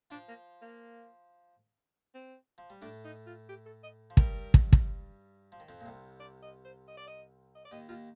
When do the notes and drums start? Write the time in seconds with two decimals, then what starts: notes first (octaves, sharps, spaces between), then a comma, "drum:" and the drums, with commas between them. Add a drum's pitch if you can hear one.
0.10 F3 D4 F4
0.28 A#3
0.61 A#3
2.14 C4
2.58 F3
2.70 G3
2.81 A2 A3 D4
3.04 D#4
3.26 F4
3.49 G4
3.66 A4
3.83 D#5
4.10 F3
4.17 G2 G3 A#4, drum: kick
4.54 drum: kick
4.73 drum: kick
5.52 F3
5.60 D#3
5.69 F2 F3
5.81 A#2
5.85 C2 C3
6.20 D5
6.42 D#5
6.65 C5
6.87 D#5
6.97 D5
7.07 D#5
7.55 D#5
7.65 D5
7.72 D#2 D#3 D#5
7.89 D#2 D#3 F4